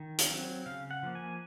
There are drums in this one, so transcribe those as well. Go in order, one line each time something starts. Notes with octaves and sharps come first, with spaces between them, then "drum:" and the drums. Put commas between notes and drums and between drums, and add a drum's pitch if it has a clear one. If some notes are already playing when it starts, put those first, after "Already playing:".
Already playing: D#3
drum: hi-hat
F#3 C4
C#3 F5
F#5
F3 A#3
G#5